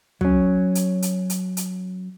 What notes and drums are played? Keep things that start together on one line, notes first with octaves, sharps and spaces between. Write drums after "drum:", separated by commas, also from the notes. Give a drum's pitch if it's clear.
F#3 C#4, drum: tom
drum: hi-hat
drum: hi-hat
drum: hi-hat
drum: hi-hat